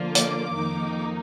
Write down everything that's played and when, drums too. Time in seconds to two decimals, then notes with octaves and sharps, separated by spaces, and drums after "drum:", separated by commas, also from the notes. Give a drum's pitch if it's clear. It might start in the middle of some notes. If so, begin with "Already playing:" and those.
Already playing: D3 F3 A#3 F4
0.15 D6, drum: hi-hat
0.55 F2 D#3 A#3 D#4